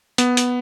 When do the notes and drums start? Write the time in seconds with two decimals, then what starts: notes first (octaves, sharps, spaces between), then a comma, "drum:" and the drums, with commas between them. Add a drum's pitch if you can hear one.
0.18 B3, drum: hi-hat
0.37 drum: hi-hat